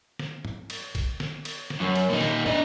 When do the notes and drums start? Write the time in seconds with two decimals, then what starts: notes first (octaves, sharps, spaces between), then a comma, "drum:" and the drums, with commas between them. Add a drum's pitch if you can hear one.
0.19 drum: snare
0.45 drum: tom G2
0.70 drum: cymbal
0.95 drum: kick, cymbal
1.20 drum: snare
1.45 drum: cymbal
1.70 drum: snare
1.80 F#2
1.96 drum: cymbal
2.10 A#2 D#4
2.21 drum: snare
2.46 D4 D#5, drum: tom